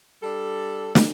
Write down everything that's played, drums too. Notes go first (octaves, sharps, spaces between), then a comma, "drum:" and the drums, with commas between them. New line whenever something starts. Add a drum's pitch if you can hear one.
G3 D4 A4
drum: snare